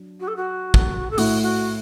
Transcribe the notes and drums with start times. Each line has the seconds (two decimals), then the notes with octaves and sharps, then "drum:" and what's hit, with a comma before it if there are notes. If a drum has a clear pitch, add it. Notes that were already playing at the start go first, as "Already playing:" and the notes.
Already playing: F#3 D4
0.20 F#4
0.27 A4
0.36 F#4
0.74 drum: kick
1.10 A4
1.18 A2 A3 E4 F#4, drum: open hi-hat
1.42 F#4